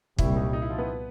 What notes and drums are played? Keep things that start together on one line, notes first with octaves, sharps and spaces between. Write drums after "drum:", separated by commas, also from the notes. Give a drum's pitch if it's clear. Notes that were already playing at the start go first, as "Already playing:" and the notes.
C2 A#2 G3 E4, drum: kick
D#4
D#4
E4
F3 F4
B3 B4